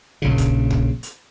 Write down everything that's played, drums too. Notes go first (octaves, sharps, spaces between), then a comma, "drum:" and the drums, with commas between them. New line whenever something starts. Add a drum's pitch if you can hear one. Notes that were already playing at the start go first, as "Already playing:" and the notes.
A#1 C#3
drum: kick, hi-hat
drum: kick
drum: hi-hat